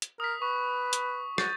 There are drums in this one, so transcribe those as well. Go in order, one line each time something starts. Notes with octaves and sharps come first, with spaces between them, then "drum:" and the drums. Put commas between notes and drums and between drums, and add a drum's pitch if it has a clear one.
drum: hi-hat
A#4 D#6 B6
B4 C#6
drum: hi-hat
F#4 G6 A6 D#7, drum: rim click